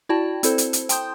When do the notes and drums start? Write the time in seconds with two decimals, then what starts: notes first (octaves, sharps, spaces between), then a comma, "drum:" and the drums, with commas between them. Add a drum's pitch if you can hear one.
0.09 E4 F#4 D5 G5 A5
0.43 C4 E4 A4 C5, drum: hi-hat
0.58 drum: hi-hat
0.73 drum: hi-hat
0.89 G5 A5 C6 D#6 G6, drum: hi-hat